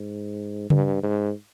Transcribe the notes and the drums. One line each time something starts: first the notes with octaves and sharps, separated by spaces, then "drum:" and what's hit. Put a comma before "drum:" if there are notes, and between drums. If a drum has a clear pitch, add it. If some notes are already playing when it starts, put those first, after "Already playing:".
Already playing: G#2
G2, drum: tom C#3
G#2